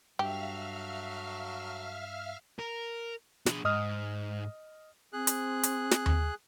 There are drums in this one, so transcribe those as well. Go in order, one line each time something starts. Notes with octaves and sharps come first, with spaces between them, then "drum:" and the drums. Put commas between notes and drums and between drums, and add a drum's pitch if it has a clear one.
G2 F#3 F#4 G4 A4 E5 F5 F6
A#4
D4 G#4, drum: snare
G#2 D#5 D#6 F6
C4 G#4 F#6
drum: hi-hat
drum: hi-hat
drum: snare
drum: tom D#2